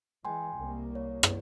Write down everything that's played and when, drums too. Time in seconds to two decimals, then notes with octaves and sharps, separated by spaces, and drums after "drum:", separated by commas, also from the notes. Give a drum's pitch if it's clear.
0.25 E3 G#3 G5 G#5 C6
0.56 C2 A#3
0.95 C#5
1.23 drum: rim click